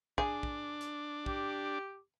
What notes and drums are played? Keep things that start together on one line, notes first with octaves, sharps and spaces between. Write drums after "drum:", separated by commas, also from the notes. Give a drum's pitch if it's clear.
D4 G#4, drum: kick
drum: kick
drum: hi-hat
G4, drum: kick